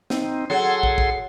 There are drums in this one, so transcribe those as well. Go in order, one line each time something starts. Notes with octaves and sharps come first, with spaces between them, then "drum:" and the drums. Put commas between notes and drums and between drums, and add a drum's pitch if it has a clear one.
C4 D#4, drum: snare
F#3 G#4 A4 C6
drum: kick
drum: kick